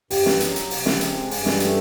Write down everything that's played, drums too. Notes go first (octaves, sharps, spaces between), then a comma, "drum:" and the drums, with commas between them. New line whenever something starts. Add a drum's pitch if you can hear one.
G2 G4, drum: open hi-hat
drum: snare
F#3, drum: hi-hat
drum: hi-hat
C3, drum: open hi-hat
drum: snare
G#3, drum: hi-hat
G2, drum: open hi-hat
drum: snare
A3, drum: hi-hat